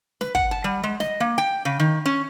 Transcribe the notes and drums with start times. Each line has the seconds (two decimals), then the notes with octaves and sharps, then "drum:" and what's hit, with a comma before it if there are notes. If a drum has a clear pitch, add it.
0.21 B4, drum: snare
0.35 F#5, drum: kick
0.51 A5
0.64 G3
0.84 G#3
1.00 D#5, drum: snare
1.20 A#3
1.38 G5
1.65 C#3
1.79 D#3
2.06 C#4